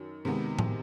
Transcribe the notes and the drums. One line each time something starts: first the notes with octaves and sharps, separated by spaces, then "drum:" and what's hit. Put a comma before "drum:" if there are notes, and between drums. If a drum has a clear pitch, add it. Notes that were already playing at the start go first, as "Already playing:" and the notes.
Already playing: F#2 D#3
C3 D#3 G#3 B3
drum: tom A2